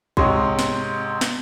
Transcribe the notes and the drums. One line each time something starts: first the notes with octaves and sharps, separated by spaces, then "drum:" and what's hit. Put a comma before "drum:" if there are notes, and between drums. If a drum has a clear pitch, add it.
G#2 C3 C#5 D#5 C6, drum: kick B1
drum: snare
drum: snare